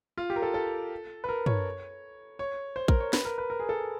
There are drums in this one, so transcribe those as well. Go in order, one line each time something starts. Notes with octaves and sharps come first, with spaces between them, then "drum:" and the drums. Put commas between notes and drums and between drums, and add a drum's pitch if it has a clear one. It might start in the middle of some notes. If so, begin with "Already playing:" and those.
F4
G4
A#4
A4
A4
B4
A#4
C#5, drum: tom
C#5
C5
A#4, drum: kick
C#5
B4, drum: snare
A#4
B4
A#4
G#4
A4